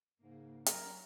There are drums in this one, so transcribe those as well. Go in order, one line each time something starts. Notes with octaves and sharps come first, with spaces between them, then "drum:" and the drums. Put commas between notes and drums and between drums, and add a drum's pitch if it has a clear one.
G#2 C#3 A#3
F#3 C#4 A#4, drum: hi-hat